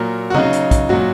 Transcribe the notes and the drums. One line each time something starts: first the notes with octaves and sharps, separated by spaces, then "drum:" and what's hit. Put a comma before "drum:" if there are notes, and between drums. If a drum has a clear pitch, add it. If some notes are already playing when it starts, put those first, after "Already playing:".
Already playing: A#2 F#3 A#4
F#4
C#3 F#3 D#4, drum: tom C#3
drum: hi-hat
drum: kick, hi-hat
A#2 F#3 F#4, drum: tom G2